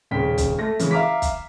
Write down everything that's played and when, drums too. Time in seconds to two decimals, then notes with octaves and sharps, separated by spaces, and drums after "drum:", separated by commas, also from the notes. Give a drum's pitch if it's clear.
0.11 D#1 C#3 G5 B6
0.38 drum: kick, hi-hat
0.59 A3 A#6
0.79 C#3 E3, drum: hi-hat
0.91 E5 F5 A#5 D6 B6
1.22 drum: kick, hi-hat